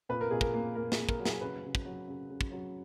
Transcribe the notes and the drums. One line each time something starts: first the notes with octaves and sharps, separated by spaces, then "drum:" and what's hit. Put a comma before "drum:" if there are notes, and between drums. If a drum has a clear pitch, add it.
A#2 B4
A#4
A#2 G#4
A#4, drum: kick
A#3
A#3 A#4
G#4, drum: snare
A#3
A#4, drum: kick
F#3
G#4, drum: snare
C#3 B4
C#3
drum: kick
F#3
C#3
C#3
drum: kick
F#3